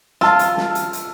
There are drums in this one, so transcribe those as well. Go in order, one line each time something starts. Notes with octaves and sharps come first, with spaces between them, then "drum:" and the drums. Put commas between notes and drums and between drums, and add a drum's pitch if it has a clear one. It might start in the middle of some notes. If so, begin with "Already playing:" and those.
F4 A5 E6, drum: snare
drum: hi-hat
drum: snare
drum: hi-hat
drum: hi-hat